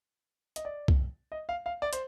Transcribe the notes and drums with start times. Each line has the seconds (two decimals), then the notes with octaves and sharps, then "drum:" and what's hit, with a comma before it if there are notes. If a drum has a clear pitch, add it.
0.56 D#5, drum: hi-hat
0.65 D5
0.88 drum: kick
1.32 D#5
1.49 F5
1.66 F5
1.82 D5
1.93 C5, drum: hi-hat